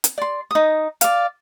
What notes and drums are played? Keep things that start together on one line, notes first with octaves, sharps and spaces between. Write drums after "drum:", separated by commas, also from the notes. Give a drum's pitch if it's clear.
drum: hi-hat
D5 C6
D#4 D#6
D5 F5, drum: hi-hat